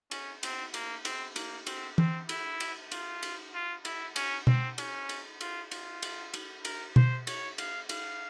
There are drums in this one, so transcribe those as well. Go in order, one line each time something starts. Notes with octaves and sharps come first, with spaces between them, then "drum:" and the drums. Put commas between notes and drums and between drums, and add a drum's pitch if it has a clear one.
C#4, drum: cymbal
C4, drum: cymbal
A#3, drum: cymbal
C4, drum: cymbal
A#3, drum: cymbal
C4, drum: cymbal
C4, drum: tom
E4, drum: cymbal
drum: cymbal
F4, drum: cymbal
drum: cymbal
F4
E4, drum: cymbal
C#4, drum: cymbal
C4, drum: tom B2
C#4, drum: cymbal
drum: cymbal
F4, drum: cymbal
F4, drum: cymbal
drum: cymbal
drum: cymbal
A#4, drum: cymbal
C5, drum: tom B2
C#5, drum: cymbal
F5, drum: cymbal
F5, drum: cymbal